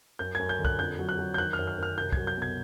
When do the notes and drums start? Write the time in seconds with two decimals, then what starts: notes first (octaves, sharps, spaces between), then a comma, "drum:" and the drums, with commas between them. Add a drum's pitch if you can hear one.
0.19 F#2 G6
0.35 F#2 G#6
0.49 G6
0.59 D3
0.65 F#6, drum: kick
0.79 F2 G6
0.99 F#3
1.09 F#6
1.19 F#3
1.34 G6
1.38 D#3 F#6
1.53 F6
1.59 F#2
1.67 F6
1.78 F#2 F6
1.98 C2 G6
2.12 F#3 G#6, drum: kick
2.27 G6
2.37 B2 G#6